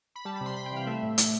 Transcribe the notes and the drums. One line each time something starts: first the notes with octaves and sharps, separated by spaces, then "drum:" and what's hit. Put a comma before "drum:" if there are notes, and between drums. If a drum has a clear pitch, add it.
B5
G3 A5
B5
C3
C6
C3 B5
G5
E3 F5
A3 E5
A2
A2, drum: hi-hat